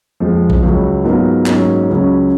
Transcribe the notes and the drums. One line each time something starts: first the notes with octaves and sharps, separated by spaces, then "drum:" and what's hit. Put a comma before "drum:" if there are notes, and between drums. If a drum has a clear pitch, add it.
F2 F3 G#3
drum: kick A#1
C#2 C#3 F#3 C#4
G#2 F#3 B3 F4 A#4
G#2 F#3 A#3 C#4, drum: clap
C#2 C#3 F#3 C#4